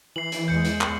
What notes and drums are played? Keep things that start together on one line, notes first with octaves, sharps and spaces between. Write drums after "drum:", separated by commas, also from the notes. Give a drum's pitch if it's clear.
E3 C7 F#7
drum: hi-hat
E2 G#3 G6 C#7
drum: hi-hat
drum: clap